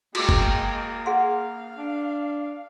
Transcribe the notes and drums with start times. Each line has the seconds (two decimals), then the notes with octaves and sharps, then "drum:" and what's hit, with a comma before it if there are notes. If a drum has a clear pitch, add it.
0.15 G#3 A#3 F#4 G5 D6 E6, drum: cymbal
0.29 drum: kick F#1
1.06 G#4 F5 F#5 C6
1.78 D4